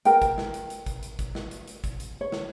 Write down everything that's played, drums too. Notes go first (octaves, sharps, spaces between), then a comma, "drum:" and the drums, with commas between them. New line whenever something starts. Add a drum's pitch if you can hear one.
A#4 G5, drum: hi-hat
drum: kick, hi-hat
drum: snare
drum: hi-hat
drum: hi-hat
drum: kick, hi-hat
drum: hi-hat
drum: kick, hi-hat
drum: snare
drum: hi-hat
drum: hi-hat
drum: kick, hi-hat
drum: hi-hat
C#5
drum: snare